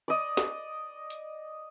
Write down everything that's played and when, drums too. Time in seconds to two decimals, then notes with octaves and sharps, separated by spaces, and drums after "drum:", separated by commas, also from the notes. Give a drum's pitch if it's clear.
0.08 D5 D#5
0.37 drum: snare
1.10 drum: hi-hat